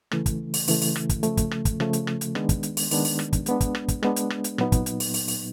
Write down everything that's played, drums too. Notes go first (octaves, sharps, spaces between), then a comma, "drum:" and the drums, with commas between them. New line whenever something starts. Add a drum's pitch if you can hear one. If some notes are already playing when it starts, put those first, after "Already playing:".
C#3 E3 A3, drum: rim click
drum: kick, hi-hat
drum: open hi-hat
C#3 E3 A3, drum: open hi-hat
drum: open hi-hat
drum: rim click
drum: kick, hi-hat
C#3 F3 A3, drum: hi-hat
drum: kick, hi-hat
drum: rim click
drum: kick, hi-hat
C#3 F3 A3, drum: rim click
drum: hi-hat
drum: rim click
drum: hi-hat
D#3 G#3 B3 D4, drum: rim click
drum: kick, hi-hat
drum: hi-hat
drum: open hi-hat
D#3 G#3 B3 D4, drum: open hi-hat
drum: open hi-hat
drum: rim click
drum: kick, hi-hat
G#3 B3 D4, drum: hi-hat
drum: kick, hi-hat
drum: rim click
drum: kick, hi-hat
G#3 B3 D4, drum: rim click
drum: hi-hat
drum: rim click
drum: hi-hat
A#2 F#3 B3 D#4, drum: rim click
drum: kick, hi-hat
drum: hi-hat
drum: open hi-hat
drum: open hi-hat
drum: open hi-hat